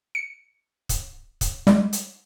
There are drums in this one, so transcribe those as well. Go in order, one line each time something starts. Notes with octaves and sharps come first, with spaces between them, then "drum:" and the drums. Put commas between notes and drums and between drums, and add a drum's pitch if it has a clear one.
C#7
drum: kick, hi-hat
drum: kick, hi-hat
G3 G#3, drum: snare
drum: hi-hat